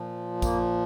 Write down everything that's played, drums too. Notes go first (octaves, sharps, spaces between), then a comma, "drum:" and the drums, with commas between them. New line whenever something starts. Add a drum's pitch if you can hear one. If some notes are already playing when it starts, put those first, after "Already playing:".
Already playing: A#2 F3
A#3, drum: kick, tambourine